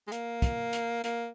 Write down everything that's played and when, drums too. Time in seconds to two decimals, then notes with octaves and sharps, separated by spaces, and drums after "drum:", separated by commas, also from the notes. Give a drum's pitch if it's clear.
0.07 G#3
0.12 A#3, drum: hi-hat
0.42 drum: kick, hi-hat
0.73 drum: hi-hat
1.04 A#3, drum: hi-hat